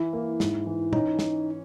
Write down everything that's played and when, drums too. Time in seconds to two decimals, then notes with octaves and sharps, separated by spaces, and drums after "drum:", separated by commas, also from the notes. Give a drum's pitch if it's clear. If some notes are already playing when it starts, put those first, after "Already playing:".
Already playing: E3 E4
0.13 A#3
0.40 G#2, drum: snare
0.66 E3
0.93 C#4 D#4, drum: tom
1.19 drum: snare